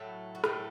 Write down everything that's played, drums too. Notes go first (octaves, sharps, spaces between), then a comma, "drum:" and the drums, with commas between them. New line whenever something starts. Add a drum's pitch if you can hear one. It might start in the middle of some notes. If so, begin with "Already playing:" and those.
Already playing: A2 F#3 A3
F#4
A2 F#3 A3 G4, drum: rim click